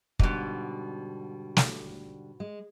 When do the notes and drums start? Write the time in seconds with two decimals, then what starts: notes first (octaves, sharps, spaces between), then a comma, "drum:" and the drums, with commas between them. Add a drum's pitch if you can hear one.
0.19 G#2 B2 D3 G3, drum: kick
1.57 drum: snare
2.40 G#3